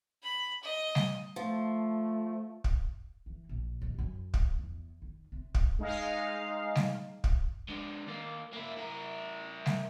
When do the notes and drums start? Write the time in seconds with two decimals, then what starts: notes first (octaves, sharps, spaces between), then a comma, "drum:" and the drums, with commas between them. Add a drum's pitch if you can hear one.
0.23 B5
0.64 D#5
0.95 drum: snare G3
1.36 F3 A3
2.64 drum: kick
3.26 E3
3.49 A#1
3.82 D#2
3.99 F#2
4.34 drum: kick
4.59 E2
5.02 D#3
5.32 C3
5.55 drum: kick
5.79 G#3 D#4 D#5 F5
6.75 drum: snare G3
7.24 drum: kick
7.69 G#3 D4
8.07 D#2 A#3
8.53 A#3 E4
8.76 E4 A#4
9.66 drum: snare G3